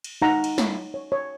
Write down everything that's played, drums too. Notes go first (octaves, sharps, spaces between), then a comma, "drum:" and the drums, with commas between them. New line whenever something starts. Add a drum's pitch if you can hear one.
drum: cymbal
D#4 F#5 A#5
drum: cymbal
C#5, drum: snare
C#5
C#5